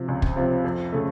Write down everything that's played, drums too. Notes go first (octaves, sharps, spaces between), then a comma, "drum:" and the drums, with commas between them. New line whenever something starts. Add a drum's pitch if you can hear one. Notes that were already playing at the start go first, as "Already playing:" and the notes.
Already playing: C3 F3
C#2
drum: kick
C3 F3
F2
C#3 A3